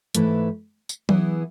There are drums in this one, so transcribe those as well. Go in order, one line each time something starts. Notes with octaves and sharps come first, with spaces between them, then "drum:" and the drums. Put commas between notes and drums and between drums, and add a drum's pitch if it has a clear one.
G#2 E3 A3 E4 B4, drum: hi-hat
drum: tambourine
E3 B3 E4 G#4, drum: tom F#3